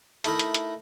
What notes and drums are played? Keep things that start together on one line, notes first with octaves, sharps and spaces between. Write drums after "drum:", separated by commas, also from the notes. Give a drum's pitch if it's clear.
A3 D#4 E4 A#4, drum: hi-hat
drum: hi-hat
drum: hi-hat